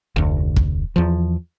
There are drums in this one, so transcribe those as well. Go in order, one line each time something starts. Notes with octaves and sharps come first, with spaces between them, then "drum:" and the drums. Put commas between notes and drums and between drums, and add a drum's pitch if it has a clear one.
F1 D2
drum: kick
E2 F3